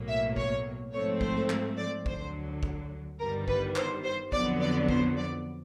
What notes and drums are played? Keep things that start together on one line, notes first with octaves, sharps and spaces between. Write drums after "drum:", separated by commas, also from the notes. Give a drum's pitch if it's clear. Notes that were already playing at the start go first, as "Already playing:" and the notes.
Already playing: B1 A2 F#3 A#3
E5
C#5, drum: kick
G#2 F3 A3 C4 C#5
C5, drum: kick
drum: clap
D5
D2 D3 F#3 C5, drum: kick
drum: kick
G1 G2 D#3 G3 B3 A#4
B4, drum: kick
C5, drum: clap
C5
F2 D3 F#3 B3 D5, drum: kick
D5
C5, drum: kick
D5